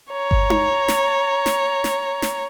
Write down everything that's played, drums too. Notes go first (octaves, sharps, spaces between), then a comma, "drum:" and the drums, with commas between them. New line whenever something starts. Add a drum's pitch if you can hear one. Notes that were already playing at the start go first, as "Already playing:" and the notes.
C#5 A#5
drum: kick G1
drum: tom D#4
drum: snare
drum: snare
drum: snare
drum: snare